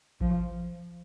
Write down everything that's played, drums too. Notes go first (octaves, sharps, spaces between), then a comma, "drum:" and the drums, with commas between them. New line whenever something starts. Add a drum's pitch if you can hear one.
F3, drum: kick A1